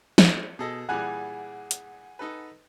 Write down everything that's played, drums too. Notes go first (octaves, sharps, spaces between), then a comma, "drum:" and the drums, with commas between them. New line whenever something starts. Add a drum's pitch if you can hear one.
drum: snare
B2 G#4 A4 D#5
A#2 E3 G3 G#4 F#5 G#5 F#6
drum: hi-hat
D#4 A4 B4